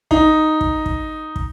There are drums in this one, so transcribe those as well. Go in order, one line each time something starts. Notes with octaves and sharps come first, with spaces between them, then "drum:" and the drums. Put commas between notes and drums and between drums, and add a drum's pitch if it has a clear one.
D#4, drum: kick
drum: kick
drum: kick
drum: kick